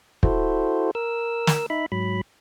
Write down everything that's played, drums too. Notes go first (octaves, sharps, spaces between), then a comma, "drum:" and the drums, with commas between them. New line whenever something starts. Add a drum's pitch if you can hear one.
E4 F#4 A4 C5, drum: kick
A#4 E6
drum: snare
D#4 E5 B5
G#2 F#3 B5